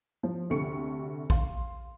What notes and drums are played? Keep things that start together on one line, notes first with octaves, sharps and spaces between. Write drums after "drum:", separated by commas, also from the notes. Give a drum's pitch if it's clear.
F3
D2 C3 G4 A4 C#6 C#7
F5 C6, drum: kick